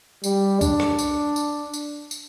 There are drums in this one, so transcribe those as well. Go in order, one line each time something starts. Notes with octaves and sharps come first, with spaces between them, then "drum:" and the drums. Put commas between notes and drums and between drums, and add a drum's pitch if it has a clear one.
G3, drum: tambourine
D4, drum: kick C2, tambourine
drum: rim click
drum: tambourine
drum: tambourine
drum: tambourine
drum: tambourine